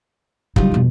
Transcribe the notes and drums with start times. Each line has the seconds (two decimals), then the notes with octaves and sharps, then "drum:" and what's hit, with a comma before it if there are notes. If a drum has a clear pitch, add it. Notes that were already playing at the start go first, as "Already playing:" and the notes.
0.56 C#3 F#3 G3 D#4 F4, drum: kick
0.71 F2 B2